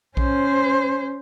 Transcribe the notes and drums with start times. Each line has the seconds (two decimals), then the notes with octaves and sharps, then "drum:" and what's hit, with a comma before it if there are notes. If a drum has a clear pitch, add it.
0.17 C#4 C5, drum: kick A#1